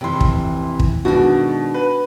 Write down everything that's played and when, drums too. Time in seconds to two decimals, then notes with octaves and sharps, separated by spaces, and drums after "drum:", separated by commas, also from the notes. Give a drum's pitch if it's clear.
0.01 F1 C3 E3 C6
0.21 drum: kick
0.80 drum: kick
1.05 B2 D#3 G#3 D4 F#4
1.74 B4